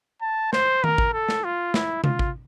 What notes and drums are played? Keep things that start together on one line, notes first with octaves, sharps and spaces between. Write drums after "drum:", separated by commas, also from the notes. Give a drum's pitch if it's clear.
A5
C5, drum: snare
A#4, drum: tom D#3
drum: kick A1
A4
drum: snare
F4
E4, drum: snare
F4, drum: tom C3
drum: kick A1